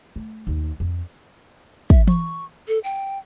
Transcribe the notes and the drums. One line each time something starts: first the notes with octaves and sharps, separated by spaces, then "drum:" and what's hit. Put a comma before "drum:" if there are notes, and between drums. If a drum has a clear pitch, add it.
A3
D#2
F2
E5, drum: kick
C#6, drum: tom E3
A4
G5